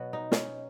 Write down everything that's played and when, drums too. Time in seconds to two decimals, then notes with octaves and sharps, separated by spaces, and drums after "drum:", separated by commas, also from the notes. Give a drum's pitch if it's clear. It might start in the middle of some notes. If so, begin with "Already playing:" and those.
Already playing: B2 F#3 B3 F#4
0.13 D#4
0.32 C#4, drum: snare